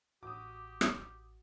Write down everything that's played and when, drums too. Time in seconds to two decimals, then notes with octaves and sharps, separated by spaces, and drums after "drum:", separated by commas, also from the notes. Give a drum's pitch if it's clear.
0.23 A1 F#4 G4 D6 D#6
0.81 drum: rim click